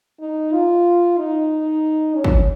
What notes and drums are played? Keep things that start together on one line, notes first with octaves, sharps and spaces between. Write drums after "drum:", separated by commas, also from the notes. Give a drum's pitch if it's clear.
D#4
F4
D#4
C#4
drum: kick